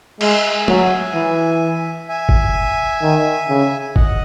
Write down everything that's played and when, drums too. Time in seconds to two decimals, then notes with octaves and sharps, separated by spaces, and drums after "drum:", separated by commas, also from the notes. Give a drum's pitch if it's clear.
0.21 G#3 E5 G#5, drum: cymbal
0.68 F#3, drum: tom
1.15 E3
2.08 E5 G#5
2.29 drum: kick F#1
3.02 D#3
3.49 C#3
3.96 D#5 F#5, drum: kick F#1